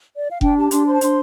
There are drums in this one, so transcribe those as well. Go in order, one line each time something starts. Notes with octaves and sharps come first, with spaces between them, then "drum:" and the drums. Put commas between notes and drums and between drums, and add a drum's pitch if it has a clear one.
D5
F5
D4 G5, drum: kick F1
G4 A5
D4 C6, drum: hi-hat
C5 C6
A5
D4 C6, drum: hi-hat